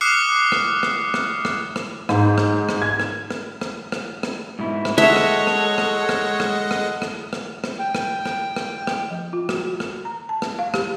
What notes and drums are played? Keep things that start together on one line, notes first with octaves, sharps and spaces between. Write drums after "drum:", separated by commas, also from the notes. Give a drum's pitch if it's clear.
D6 D#6 F6 F#6 C7 C#7
drum: rim click
drum: rim click
drum: rim click
drum: rim click
drum: rim click
G#2, drum: rim click
drum: rim click
drum: rim click
G#6
drum: rim click
drum: rim click
drum: rim click
drum: rim click
drum: rim click
G#2 B2 E4
drum: rim click
G#3 A4 C#5 D#5 E5 F#5
drum: rim click
drum: rim click
drum: rim click
drum: rim click
drum: rim click
drum: rim click
drum: rim click
drum: rim click
drum: rim click
G5
drum: rim click
drum: rim click
drum: rim click
drum: rim click
F3
F4
F#4, drum: rim click
drum: rim click
A#5
A5
drum: rim click
F5
G4, drum: rim click